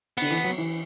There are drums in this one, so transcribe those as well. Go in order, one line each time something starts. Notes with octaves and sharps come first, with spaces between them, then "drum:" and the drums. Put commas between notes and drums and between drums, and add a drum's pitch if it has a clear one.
D3 B3, drum: cymbal
E3
F#3
E3